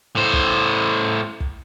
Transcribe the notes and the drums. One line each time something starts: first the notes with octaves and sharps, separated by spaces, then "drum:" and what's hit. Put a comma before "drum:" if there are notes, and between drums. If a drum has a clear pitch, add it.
A2 C5
drum: kick
drum: kick